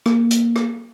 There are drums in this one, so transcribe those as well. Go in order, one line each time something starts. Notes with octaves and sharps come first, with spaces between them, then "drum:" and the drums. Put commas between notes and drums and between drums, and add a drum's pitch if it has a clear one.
A#3, drum: rim click
drum: hi-hat
drum: rim click